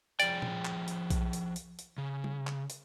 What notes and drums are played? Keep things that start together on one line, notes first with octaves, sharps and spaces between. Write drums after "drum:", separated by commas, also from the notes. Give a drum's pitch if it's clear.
F3 G#4 D5 G5, drum: hi-hat
drum: tom A#2
drum: clap
drum: hi-hat
drum: kick B1, hi-hat
drum: hi-hat
drum: hi-hat
drum: hi-hat
C#3
drum: tom G3
drum: clap
drum: hi-hat